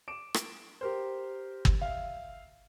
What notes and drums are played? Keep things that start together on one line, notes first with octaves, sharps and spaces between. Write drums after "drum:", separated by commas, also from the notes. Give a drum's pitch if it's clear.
D6 D7 E7
drum: rim click
G4 A#4 C5
drum: kick
E5 F5